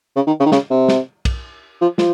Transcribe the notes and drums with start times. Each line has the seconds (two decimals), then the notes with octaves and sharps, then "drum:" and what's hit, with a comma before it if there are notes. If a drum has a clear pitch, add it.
0.16 C#3
0.27 D#3
0.40 C#3
0.46 D#3
0.52 C#3, drum: snare
0.70 C3
0.88 drum: snare
1.25 drum: kick, cymbal
1.81 F3
1.98 F3, drum: snare